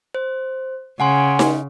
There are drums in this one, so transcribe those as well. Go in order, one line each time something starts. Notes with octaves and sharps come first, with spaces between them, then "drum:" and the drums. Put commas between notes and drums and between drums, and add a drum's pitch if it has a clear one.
C5
C#3 F#5 G#5 C6
drum: snare D#4